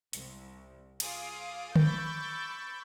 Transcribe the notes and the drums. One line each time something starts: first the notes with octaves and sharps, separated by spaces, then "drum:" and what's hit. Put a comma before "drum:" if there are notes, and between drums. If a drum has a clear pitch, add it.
C2, drum: hi-hat
F4 G#4 F5 D6 D#6, drum: cymbal
B5 C#6 D6 E6 G6 A6, drum: tom D3